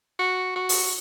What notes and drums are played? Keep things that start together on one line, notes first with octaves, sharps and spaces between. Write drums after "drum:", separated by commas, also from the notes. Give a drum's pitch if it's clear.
F#4
F#4
drum: open hi-hat